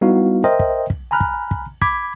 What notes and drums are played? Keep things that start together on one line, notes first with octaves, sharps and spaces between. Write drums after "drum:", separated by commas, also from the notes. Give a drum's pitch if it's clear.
G3 B3 D#4 E4 F#4 F5
A#4 C5 D#5 E5 G5
drum: kick
drum: kick
G#5 A#5 B5 F6 F#6
drum: kick
drum: kick
B5 D6 G#6 B6, drum: kick